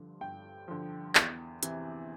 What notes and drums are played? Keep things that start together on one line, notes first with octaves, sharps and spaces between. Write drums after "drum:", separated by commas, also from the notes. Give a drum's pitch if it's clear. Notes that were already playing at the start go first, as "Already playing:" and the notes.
Already playing: G2 D3 F3
G2 G5
D3 F3
E2, drum: clap
C3 E3, drum: hi-hat